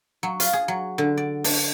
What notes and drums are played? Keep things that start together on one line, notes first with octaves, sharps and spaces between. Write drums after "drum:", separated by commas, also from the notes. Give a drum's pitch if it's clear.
F#3
F4, drum: hi-hat
G#4
F#3
D3
D5
D4, drum: open hi-hat